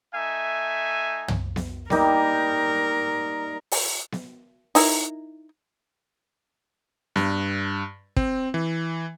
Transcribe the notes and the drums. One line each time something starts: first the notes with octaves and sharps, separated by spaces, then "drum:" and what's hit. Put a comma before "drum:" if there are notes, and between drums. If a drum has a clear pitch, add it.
A3 D#4 E5 G#5
drum: tom
drum: snare B3
G3 A#3 D#4 A#4, drum: snare B3
drum: open hi-hat
drum: snare B3
D#4 E4 A#4, drum: open hi-hat
G2, drum: snare B3
C4, drum: kick
E3